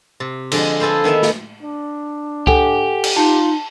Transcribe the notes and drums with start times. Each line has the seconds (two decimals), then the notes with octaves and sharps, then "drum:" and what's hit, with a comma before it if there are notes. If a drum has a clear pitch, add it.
0.20 C3
0.52 D3 F3 G#3 G#4, drum: cymbal
0.80 G#4 A4 B4 C5 F5
1.04 D#3 B3 D#4 E5
1.23 drum: snare
1.62 D4
2.47 G4 A4 F#5 G#5, drum: kick C#2
3.04 drum: cymbal
3.16 D#4 F4 A5